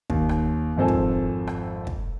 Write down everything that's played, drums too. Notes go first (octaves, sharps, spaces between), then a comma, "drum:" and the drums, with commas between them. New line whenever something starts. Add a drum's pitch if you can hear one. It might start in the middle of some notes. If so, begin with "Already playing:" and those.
D#2, drum: kick
drum: rim click
G#1 F2 C4 A4 G#5
drum: kick
drum: rim click
drum: kick